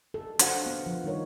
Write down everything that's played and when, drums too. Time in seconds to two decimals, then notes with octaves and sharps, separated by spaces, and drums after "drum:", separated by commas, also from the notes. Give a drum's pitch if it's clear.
0.14 A4
0.39 D4 F#4 C5 F5 F#5, drum: hi-hat
0.66 B3
0.86 F3
1.04 D#3 G3 D#4 A#4 C#5